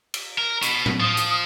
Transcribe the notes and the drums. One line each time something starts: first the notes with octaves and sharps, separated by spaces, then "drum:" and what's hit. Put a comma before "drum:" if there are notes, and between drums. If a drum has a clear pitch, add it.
drum: cymbal
A#4
B2 B3, drum: hi-hat
drum: tom A2
F3 D#6
drum: hi-hat